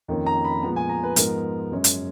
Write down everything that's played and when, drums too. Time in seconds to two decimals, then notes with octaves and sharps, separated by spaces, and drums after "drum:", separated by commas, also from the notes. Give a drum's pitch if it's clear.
0.08 F2 D#3 A#3 C#4
0.26 A#5
0.45 B5
0.63 A#2 F3 G#3 B3 A#5
0.76 G#5
0.89 A#5
1.03 B4
1.16 G#2 F3 G#3 B3 A#4, drum: hi-hat
1.71 F#2 C#3 G#3 C#4
1.84 drum: hi-hat